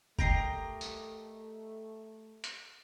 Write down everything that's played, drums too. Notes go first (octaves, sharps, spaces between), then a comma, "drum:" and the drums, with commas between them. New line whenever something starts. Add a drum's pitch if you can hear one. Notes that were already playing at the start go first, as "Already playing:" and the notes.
A3 G4 A#4 D#5 A#5 A#6 C7, drum: kick
drum: tambourine
drum: hi-hat